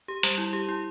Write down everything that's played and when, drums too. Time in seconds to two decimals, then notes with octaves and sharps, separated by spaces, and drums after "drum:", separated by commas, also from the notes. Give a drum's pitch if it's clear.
0.08 G4
0.23 G3, drum: hi-hat
0.38 E4
0.53 G4
0.69 E4